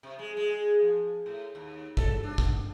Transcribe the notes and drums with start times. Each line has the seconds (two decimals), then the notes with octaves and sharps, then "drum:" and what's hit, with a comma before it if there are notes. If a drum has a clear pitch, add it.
0.03 C3
0.19 G#3
0.37 G#3
0.82 F3
1.26 A2
1.55 D#2
1.97 A4, drum: kick
2.23 D4
2.38 drum: kick